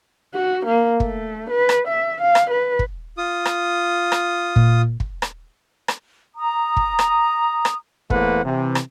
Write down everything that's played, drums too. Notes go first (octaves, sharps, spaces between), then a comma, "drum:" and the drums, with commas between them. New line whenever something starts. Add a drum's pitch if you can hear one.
F#4
A#3
A3, drum: kick
B4
drum: rim click
E5
F5
drum: rim click
B4
drum: kick
F4 D#6
drum: rim click
drum: rim click
A#2, drum: kick
drum: kick
drum: rim click
drum: rim click
A#5 D#6
drum: kick
drum: rim click
drum: rim click
E2 A3 A#3 B4 C5 F#5, drum: kick
C3 E3
drum: rim click